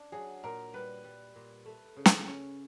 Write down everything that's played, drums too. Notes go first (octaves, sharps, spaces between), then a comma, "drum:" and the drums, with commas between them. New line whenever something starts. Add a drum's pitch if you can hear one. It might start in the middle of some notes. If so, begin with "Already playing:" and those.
Already playing: D4
F#3 G#4
A#2 A#4
G3 B4
G3
A#2
A3
C#3
drum: snare
C#4